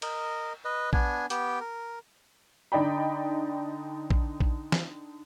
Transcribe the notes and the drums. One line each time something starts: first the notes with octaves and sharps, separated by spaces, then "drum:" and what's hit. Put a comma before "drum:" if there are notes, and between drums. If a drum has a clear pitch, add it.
A#4 D#5, drum: cymbal
B4 D#5
B3 D4 G#5, drum: kick A#1
B3 G4 G5, drum: hi-hat
A#4
D3 D#4 D5 G5 B5
drum: kick A#1
drum: kick A#1
drum: snare